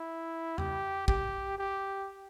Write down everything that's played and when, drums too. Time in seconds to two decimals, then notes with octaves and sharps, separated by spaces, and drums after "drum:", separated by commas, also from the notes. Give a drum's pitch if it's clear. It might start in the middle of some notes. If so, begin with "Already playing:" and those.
Already playing: E4
0.58 G4, drum: tom E2
1.08 G4, drum: kick
1.58 G4